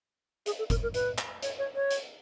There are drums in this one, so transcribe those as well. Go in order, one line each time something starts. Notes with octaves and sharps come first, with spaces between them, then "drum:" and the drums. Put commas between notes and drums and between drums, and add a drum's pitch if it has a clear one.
G#4, drum: hi-hat
A4
A#4, drum: kick F#1, hi-hat
A#4
B4, drum: hi-hat
drum: clap
C#5, drum: hi-hat
C#5
C#5
drum: hi-hat